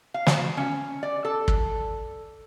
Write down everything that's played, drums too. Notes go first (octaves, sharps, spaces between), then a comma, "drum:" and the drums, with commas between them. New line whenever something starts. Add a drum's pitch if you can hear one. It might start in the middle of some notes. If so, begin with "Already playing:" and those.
F5
drum: snare
C#4
D5
A4
drum: kick